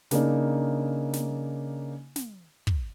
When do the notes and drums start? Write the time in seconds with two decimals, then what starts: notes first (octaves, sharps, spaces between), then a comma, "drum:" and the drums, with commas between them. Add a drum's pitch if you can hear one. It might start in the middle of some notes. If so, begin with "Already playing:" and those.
0.11 C#3 A#3 D4 D#4, drum: snare
1.13 drum: snare
2.16 drum: snare
2.67 drum: kick